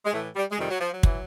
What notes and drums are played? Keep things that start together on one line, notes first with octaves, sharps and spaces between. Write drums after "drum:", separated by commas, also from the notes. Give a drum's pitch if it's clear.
G#3
A2 E3 A3
G3
G#3
F2 C3 D#3 G3
F#3
F3
F#3
E3, drum: kick